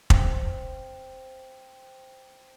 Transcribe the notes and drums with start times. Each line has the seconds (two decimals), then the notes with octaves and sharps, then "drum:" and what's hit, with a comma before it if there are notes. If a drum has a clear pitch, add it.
0.10 C4 F5, drum: kick